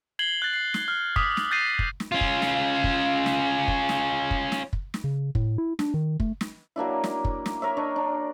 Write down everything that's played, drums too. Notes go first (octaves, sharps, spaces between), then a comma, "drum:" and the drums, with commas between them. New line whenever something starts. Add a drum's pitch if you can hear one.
G#6 C7 F#7 G7
F#6 A6
C7
drum: snare
F6
D6 D#6 B6, drum: kick
drum: snare
F#6 G6 A6 A#6 C7 D#7
drum: kick
drum: snare
C#4 F4
drum: kick
drum: snare
drum: kick
drum: snare
drum: kick
drum: snare
drum: kick
drum: snare
drum: kick
drum: snare
C#3
A2, drum: kick
E4
D4, drum: snare
D#3
A3, drum: kick
drum: snare
F#3 A#3 D4 E4
drum: snare
drum: kick
drum: snare
A#4 C#5 E5
D4 C#5 D#5
D4